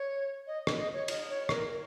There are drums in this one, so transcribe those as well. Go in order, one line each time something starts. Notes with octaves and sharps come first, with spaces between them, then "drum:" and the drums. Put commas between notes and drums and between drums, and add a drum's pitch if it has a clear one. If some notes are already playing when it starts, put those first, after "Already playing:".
Already playing: C#5
D#5
drum: rim click
D#5
C#5
D#5, drum: cymbal
C#5
A#4, drum: rim click
A#4